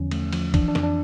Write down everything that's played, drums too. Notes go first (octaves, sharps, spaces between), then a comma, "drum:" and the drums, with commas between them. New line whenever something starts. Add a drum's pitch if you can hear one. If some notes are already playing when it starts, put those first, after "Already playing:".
Already playing: E2 D3 F3 C#4
A3, drum: cymbal
F3, drum: cymbal
E3 D4, drum: kick, cymbal
D4
F2, drum: snare
D4